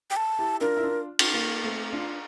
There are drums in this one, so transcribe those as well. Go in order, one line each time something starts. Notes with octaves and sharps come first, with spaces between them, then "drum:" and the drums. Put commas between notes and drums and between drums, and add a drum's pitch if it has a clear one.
G5
A5
E4 G4
D4 F4 A#4
E4
D4 F4
drum: cymbal
A#3
A3 C4
D4 F4